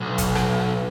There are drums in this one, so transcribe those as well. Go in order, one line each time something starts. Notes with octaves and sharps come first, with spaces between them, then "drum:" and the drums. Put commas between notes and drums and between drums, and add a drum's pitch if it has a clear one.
B1
drum: kick, hi-hat
drum: rim click